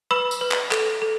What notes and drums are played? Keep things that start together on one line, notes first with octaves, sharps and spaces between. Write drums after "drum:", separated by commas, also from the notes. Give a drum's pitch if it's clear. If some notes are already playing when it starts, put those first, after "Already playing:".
B4 B5 E6
drum: tambourine
B4
drum: clap
A4, drum: clap
A4